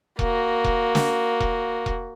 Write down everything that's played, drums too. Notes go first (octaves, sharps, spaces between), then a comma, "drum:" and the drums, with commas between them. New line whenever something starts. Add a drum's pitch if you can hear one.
A#3 F#4, drum: kick E1
drum: kick E1
drum: snare
drum: kick E1
drum: kick E1